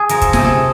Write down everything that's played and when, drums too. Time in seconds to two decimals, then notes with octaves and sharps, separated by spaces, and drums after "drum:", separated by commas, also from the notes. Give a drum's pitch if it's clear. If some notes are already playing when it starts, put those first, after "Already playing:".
Already playing: G#4
0.09 F3 A#4, drum: hi-hat
0.21 A4, drum: kick, hi-hat
0.33 C3 G#4, drum: snare
0.45 A4